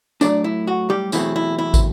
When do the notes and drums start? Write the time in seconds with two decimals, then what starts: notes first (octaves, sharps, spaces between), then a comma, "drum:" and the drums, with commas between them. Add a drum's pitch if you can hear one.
0.21 A2 F#3 A3 D4 D5, drum: tambourine
0.44 E4
0.67 F#4
0.90 G3 G4
1.12 E2 B2 F#3 A3 C4 E4, drum: tambourine
1.36 E4
1.58 E4
1.74 drum: kick, tambourine